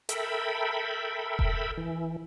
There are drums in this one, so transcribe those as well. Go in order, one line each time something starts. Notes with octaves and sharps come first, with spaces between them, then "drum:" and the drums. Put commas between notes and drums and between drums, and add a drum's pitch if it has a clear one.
A4 A#4 E5 G5 B5, drum: hi-hat
drum: kick E1
E3